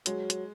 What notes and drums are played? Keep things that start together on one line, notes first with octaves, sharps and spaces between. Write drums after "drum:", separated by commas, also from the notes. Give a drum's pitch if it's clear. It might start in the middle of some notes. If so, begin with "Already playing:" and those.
F#3 G#3, drum: hi-hat
drum: hi-hat